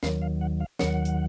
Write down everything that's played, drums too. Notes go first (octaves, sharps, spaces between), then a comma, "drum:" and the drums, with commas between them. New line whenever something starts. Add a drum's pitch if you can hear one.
D#2 D#3 F#3 F5, drum: snare
F5
F#5
F5
D#2 D#3 F#3 F#5, drum: snare
drum: hi-hat